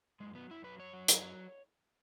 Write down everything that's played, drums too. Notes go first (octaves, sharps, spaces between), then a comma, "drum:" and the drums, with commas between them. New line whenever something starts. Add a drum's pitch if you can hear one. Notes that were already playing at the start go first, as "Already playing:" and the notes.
F#2 G#3
F#3 B3
F#2 E4
F#3 B4
F#2 C#5
F#3
F#2, drum: hi-hat
F#3